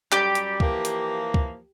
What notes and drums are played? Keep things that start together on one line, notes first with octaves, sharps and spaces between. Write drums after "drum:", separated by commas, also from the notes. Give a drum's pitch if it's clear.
F#2 G3 G4, drum: clap
drum: hi-hat
E3 F3 A#3, drum: kick C#2
drum: hi-hat
drum: kick C#2